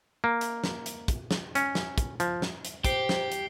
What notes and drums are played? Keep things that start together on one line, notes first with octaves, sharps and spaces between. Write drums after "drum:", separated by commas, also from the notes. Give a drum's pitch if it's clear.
A#3
drum: hi-hat
drum: snare
drum: hi-hat
drum: kick, hi-hat
drum: snare
C#4, drum: hi-hat
drum: snare
drum: kick, hi-hat
F3, drum: hi-hat
drum: snare
drum: hi-hat
G4 C5 C7 D7 G7, drum: kick, hi-hat
drum: snare
drum: hi-hat